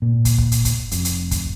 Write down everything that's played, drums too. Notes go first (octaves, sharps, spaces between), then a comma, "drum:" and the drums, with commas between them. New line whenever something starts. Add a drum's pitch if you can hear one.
A#2
drum: kick, hi-hat
drum: kick
drum: hi-hat
drum: kick, hi-hat
F1, drum: hi-hat
drum: hi-hat
drum: kick, hi-hat